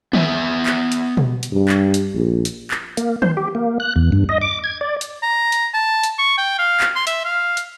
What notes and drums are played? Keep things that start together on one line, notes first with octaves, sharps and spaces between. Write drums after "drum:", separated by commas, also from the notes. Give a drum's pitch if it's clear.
B3 E5 G#5, drum: tom D#3
drum: clap
drum: hi-hat
drum: tom B2
drum: hi-hat
G2
drum: clap
drum: hi-hat
A#1
drum: hi-hat
drum: clap
A#3, drum: hi-hat
C5, drum: tom D#3
G4
A#3
F#6
E2
G2
D#5
D6
G#6
D5
drum: hi-hat
A#5
drum: hi-hat
A5
drum: hi-hat
C#6
G5
F5
drum: clap
C6
E5, drum: hi-hat
F5
drum: hi-hat